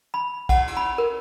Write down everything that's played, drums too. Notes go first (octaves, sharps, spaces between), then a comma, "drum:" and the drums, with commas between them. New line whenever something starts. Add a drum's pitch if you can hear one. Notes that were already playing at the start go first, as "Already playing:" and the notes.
B5
F#5, drum: kick A#1, cymbal
drum: cymbal
B5
A#4